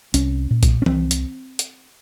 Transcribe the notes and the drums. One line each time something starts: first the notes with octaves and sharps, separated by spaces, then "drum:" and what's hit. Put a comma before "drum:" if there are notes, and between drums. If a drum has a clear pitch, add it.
C2 C#4, drum: hi-hat
A#2
drum: kick B1, hi-hat
C#4
C2 C4, drum: tom E3
drum: hi-hat
drum: hi-hat